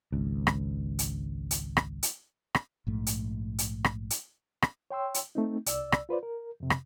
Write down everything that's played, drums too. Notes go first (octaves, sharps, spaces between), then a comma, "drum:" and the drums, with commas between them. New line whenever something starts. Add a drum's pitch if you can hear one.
G#1 C#2
drum: rim click
drum: hi-hat
drum: hi-hat
drum: rim click
drum: hi-hat
drum: rim click
A#1 G#2 A3
drum: hi-hat
drum: hi-hat
drum: rim click
drum: hi-hat
drum: rim click
C#5 G5 C6 E6
drum: hi-hat
A3 C4 D#4
C2 D5 E6, drum: hi-hat
drum: rim click
F4 B4 C5 D5
A#4
F2 C3
drum: rim click